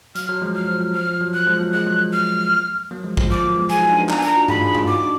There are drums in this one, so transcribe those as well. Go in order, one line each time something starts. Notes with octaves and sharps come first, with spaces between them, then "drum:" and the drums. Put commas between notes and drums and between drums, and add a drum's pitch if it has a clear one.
F#3 F6, drum: hi-hat
F#3
F3 G#3
F#3 F6
F3
F#3
F3 F6
F3
F#3
F3 F#6
F3 G#3
F#3 A#3
F3 G#3 F#6
F#3 A#3
F6
F#3 A#3
F3 G#3
F3 G#3, drum: kick
F3 D6
F#3 A#3
G#3 B3
F4 G#4 G#5, drum: hi-hat
D#4 F#4
D4 F4
B3 D#4
A#3 D4 A#5, drum: clap
G#5
D4 F4 A#5, drum: hi-hat
D#4 F#4
F4 G#4 B5, drum: tom G2
F4 G#4
F4 G#4, drum: tom G2
D#4 F#4 D6
D4